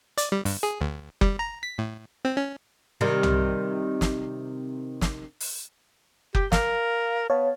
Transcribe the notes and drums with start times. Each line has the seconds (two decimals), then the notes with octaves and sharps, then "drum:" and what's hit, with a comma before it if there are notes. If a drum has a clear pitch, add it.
0.18 D5, drum: hi-hat
0.32 G3
0.45 G2, drum: open hi-hat
0.63 G#4
0.81 D2
1.21 G3, drum: kick F#1
1.39 A#5
1.63 B6
1.78 A2
2.25 C4
2.37 C#4
3.01 C3 D#3 G3
3.23 drum: tom C2
4.01 drum: snare
5.01 drum: snare
5.40 drum: open hi-hat
6.35 G4 G6, drum: kick F#1
6.52 A#4 F5, drum: snare
7.30 B3 C#5 F5 A5